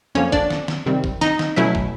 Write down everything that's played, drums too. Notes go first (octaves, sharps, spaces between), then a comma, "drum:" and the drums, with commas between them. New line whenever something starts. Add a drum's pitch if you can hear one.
F2 D3 F3 A#3 C#4 C#5
D4 D5, drum: kick
drum: snare
drum: snare
C3 D#3 G3 C4
drum: kick
D#4 D#5, drum: snare
drum: snare
B2 F#3 A3 C#4 E4 E5
drum: kick